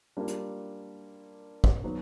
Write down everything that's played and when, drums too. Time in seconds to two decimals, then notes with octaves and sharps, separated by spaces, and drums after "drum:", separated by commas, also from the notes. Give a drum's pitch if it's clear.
0.17 G3 A#3 D4 F4
0.28 drum: hi-hat
1.64 drum: kick
1.84 D#3 F#3 B3